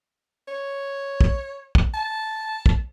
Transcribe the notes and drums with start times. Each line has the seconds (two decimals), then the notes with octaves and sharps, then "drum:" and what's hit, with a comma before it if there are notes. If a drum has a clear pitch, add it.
0.48 C#5
1.21 drum: kick
1.75 drum: kick
1.94 A5
2.66 drum: kick